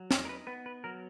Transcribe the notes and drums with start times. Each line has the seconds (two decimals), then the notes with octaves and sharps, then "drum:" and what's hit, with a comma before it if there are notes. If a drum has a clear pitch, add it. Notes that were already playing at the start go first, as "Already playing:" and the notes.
Already playing: F#3
0.11 D#4 A#4, drum: snare
0.25 A#4
0.29 B4
0.47 B3 B4
0.66 B4
0.84 F#3 A#4